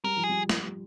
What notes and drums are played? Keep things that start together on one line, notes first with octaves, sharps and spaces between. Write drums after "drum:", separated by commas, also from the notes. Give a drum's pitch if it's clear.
G3 A#4
F3
G#4
G3
drum: snare